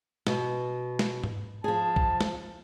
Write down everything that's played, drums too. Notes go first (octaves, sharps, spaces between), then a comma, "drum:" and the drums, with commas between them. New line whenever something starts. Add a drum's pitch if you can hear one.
B2, drum: snare
drum: snare
drum: tom G#2
F3 G#4 A5
drum: kick A#1
drum: snare